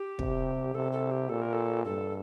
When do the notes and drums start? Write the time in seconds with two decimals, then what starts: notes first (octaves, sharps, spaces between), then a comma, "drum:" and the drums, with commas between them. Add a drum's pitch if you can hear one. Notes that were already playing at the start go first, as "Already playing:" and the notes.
Already playing: G4
0.19 C3, drum: kick
0.74 C3 A4
0.92 A4
1.11 G4
1.29 A#2 A4
1.42 A#4
1.53 A4
1.84 G2 A4